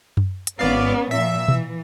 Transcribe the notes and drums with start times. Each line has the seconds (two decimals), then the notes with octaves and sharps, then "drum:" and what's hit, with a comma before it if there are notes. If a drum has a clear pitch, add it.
0.17 drum: tom F#2
0.47 drum: hi-hat
0.59 G#1 B3 C#4 D5 F5
1.11 A#2 F3 E5
1.48 E3, drum: tom B2